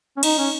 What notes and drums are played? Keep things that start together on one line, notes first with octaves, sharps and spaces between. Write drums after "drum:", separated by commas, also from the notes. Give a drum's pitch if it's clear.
C#4
D#4, drum: cymbal
C#4